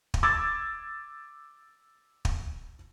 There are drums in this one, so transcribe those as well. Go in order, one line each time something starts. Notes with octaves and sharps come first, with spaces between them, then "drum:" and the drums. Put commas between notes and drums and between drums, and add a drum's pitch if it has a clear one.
drum: kick
D6 E6 G#6 A6
drum: kick